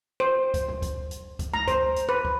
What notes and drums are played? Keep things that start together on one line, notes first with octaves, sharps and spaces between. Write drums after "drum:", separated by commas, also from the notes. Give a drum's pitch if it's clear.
C5
drum: kick, hi-hat
drum: tom A#2
drum: kick, hi-hat
drum: hi-hat
drum: kick, hi-hat
A#5, drum: tom G#3
C5, drum: kick, hi-hat
drum: hi-hat
B4
drum: kick